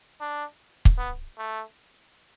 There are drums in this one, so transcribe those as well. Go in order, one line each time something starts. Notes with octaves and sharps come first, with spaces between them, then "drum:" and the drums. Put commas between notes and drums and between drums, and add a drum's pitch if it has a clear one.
D4
drum: kick
B3
A3